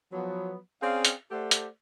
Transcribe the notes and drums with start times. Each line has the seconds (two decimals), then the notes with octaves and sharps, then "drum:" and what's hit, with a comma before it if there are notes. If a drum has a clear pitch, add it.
0.12 F3 F#3 B3
0.81 C4 C#4 G#4 D5 F5
1.05 drum: hi-hat
1.31 A3 G4 A4 C5 D5 F#5
1.51 drum: hi-hat